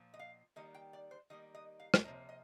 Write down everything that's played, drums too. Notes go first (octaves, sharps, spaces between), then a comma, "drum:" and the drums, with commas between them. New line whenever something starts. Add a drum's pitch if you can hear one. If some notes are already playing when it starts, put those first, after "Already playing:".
Already playing: A#2 F3
D#5
F5
D#3 G3 A#3 D#5
G5
D5
C5
D#3 G3 A#3 D#5
D#5
F5
drum: rim click
C3 F3 A#3 D#5
D#5